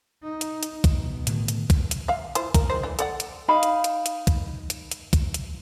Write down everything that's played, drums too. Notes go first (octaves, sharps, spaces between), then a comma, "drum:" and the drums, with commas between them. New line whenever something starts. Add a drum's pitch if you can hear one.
D#4
drum: hi-hat
drum: hi-hat
drum: kick B1, hi-hat
B2
A2 D3 D#3, drum: hi-hat
drum: hi-hat
drum: kick B1, hi-hat
drum: hi-hat
E5 F5
E4 F4 C5, drum: hi-hat
A#4, drum: kick B1, hi-hat
D#3 G#3 C5
E3 A3 D4
A4 D5 F#5, drum: hi-hat
drum: hi-hat
D#4 F5 B5
drum: hi-hat
drum: hi-hat
drum: hi-hat
drum: kick B1, hi-hat
drum: hi-hat
drum: hi-hat
drum: kick B1, hi-hat
drum: hi-hat